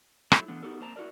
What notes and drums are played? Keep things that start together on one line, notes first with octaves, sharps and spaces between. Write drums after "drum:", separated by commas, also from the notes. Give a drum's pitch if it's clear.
F#3 A3 E4, drum: rim click
E3 A3 B3 D4
B3 D#4 F#4 G4 A4 A#4
A#3 C4 C5 A5 A#5
E4 F#4 G#4 A#4 D5